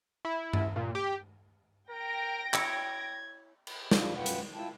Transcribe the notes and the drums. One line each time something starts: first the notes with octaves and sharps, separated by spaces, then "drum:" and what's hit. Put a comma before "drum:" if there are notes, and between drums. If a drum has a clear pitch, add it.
E4
drum: tom G2
A#2
G4
A#4 G5 A#6 D7
E4 C#5 G#6, drum: clap
drum: cymbal
F3 G3 D4 F4, drum: snare
F#2 F4 B4 F#5 G5
drum: hi-hat
E4 F4 G5 A5